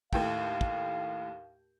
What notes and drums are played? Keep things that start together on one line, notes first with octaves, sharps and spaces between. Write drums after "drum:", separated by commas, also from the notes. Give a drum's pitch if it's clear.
D#2 A2 F5 G5, drum: kick
drum: kick